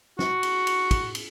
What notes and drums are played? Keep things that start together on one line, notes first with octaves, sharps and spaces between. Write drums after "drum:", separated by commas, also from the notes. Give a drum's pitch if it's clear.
F#4, drum: snare
drum: cymbal
drum: cymbal
drum: kick, cymbal
drum: cymbal